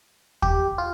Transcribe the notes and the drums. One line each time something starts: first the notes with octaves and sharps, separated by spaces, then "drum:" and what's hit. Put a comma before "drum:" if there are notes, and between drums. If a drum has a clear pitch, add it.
G4, drum: kick
F4